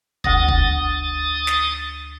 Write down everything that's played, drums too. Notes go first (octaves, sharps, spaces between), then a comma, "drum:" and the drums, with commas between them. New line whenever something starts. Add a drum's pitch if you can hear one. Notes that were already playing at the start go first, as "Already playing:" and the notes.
D2 F#5 D#6 A6 A#6, drum: kick
drum: kick
drum: snare